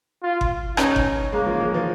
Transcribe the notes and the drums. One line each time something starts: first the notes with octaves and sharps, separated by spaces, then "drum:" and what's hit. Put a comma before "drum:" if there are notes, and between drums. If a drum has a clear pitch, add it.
F4
drum: kick G1
C#4 D#4, drum: rim click
drum: kick G1
G#3 A#3
F3
G#3
F3